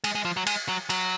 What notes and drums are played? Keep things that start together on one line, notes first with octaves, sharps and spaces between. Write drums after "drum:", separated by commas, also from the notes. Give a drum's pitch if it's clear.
G#3, drum: cymbal
G#3
F3
F#3
G#3, drum: cymbal
F#3
F#3, drum: cymbal